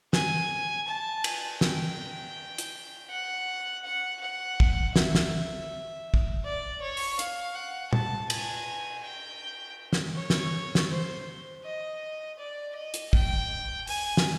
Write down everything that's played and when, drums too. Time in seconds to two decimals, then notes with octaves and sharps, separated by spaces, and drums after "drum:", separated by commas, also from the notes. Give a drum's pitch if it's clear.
0.13 G#5, drum: snare
0.87 A5
1.24 G#5, drum: cymbal
1.61 G5, drum: snare
2.58 drum: hi-hat
3.10 F#5
3.84 F#5
4.21 F#5
4.60 drum: kick
4.96 E5, drum: snare
5.15 drum: snare
6.14 drum: kick
6.44 D5
6.82 C#5
6.97 drum: open hi-hat
7.19 F5, drum: hi-hat
7.55 F#5
7.93 A5, drum: tom
8.30 G#5, drum: cymbal
9.04 G5
9.93 drum: snare
10.15 C#5
10.30 drum: snare
10.75 drum: snare
10.90 C5
11.64 D#5
12.38 D5
12.76 D#5
12.94 drum: hi-hat
13.13 G5, drum: kick
13.87 G#5, drum: open hi-hat
14.17 drum: snare